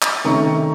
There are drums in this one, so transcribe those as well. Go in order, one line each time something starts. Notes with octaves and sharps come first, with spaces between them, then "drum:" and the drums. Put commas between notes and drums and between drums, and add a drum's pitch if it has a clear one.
drum: clap
C3 D#3 A3 C#4 A#5 C#6